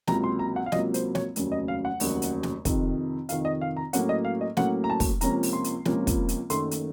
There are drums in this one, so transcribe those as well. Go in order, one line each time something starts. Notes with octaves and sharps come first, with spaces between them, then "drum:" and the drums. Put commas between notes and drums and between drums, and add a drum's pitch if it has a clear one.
C#2 C3 F#3 A#3 A#5, drum: snare
C6
A#5
F#5
F5
C#2 C3 F#3 A#3 D#5, drum: snare
C5, drum: hi-hat
C#5, drum: snare
F1 D#2 C#3 F#3, drum: hi-hat
D#5
F5
F#5
F1 D#2 C#3 F#3, drum: open hi-hat
drum: hi-hat
drum: snare
F2 C3 D#3, drum: kick, hi-hat
F2 C3 D#3 F5, drum: hi-hat
D#5
F5
A#5
A2 F#3 A#3 C#4 F#5, drum: hi-hat
D#5
F5
D#5
A2 F#3 A#3 C#4 F#5, drum: snare
A#5
A5
drum: kick, open hi-hat
C#2 C3 F3 A#3 C#4 A#5, drum: hi-hat
drum: open hi-hat
C6
drum: hi-hat
C#2 C3 F3 A#3 C#4, drum: snare
drum: kick, hi-hat
drum: hi-hat
F#1 F#2 D#3 A3 C6, drum: hi-hat
drum: hi-hat